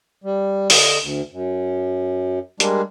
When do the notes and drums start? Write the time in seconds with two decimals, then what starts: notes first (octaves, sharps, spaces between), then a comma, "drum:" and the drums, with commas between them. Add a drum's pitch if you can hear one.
0.24 G3
0.70 D3 D#5, drum: open hi-hat
1.02 D2
1.32 F#2
2.60 G3 G#3 A#3 D4, drum: hi-hat